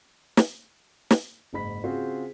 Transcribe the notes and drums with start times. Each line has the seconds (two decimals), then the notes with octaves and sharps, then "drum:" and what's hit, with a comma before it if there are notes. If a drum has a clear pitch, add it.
0.37 drum: snare
1.11 drum: snare
1.53 F#1 G#2 B5 B6
1.84 C#3 C4 F4 F#4 G#4 C5